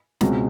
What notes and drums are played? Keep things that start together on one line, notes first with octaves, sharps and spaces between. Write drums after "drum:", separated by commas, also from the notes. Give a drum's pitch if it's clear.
C#2 B2 G#3 C4, drum: snare